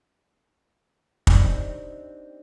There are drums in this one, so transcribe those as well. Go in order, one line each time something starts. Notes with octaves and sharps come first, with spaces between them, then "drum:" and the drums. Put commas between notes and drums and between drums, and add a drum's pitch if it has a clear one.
C4 D4 D#4 G4, drum: kick